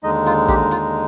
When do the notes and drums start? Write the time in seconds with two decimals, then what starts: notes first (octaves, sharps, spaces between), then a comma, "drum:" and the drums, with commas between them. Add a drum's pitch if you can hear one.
0.03 D#2 D3 G#3 D#4 D#5
0.26 F4, drum: hi-hat
0.48 G4, drum: kick, hi-hat
0.71 F4, drum: hi-hat